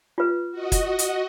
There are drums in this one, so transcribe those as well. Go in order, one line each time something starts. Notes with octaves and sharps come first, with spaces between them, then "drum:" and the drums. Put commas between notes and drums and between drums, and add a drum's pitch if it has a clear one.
F4 B4
F#4 D#5
drum: kick, hi-hat
drum: hi-hat